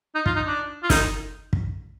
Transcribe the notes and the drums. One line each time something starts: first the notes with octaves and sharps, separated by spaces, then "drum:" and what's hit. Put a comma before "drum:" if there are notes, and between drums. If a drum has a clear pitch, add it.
D#4
F4, drum: kick
D#4
D4
F4
D#4, drum: snare
drum: kick